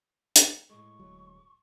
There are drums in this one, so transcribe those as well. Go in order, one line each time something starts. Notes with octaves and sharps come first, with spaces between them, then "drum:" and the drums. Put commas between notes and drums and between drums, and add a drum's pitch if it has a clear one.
drum: hi-hat
A2 G#3 C#6
D1 F#3